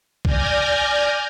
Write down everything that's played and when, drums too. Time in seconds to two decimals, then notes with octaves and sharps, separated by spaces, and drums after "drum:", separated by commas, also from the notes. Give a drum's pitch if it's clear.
0.25 D5 G#5 F6 G6 G#6 A#6, drum: kick A#1